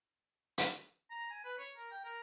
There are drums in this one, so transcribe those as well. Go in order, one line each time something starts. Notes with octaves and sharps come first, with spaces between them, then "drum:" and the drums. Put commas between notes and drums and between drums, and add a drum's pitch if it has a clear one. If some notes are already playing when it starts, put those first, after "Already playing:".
drum: hi-hat
A#5
G#5
B4
C#5
A#4
G5
A#4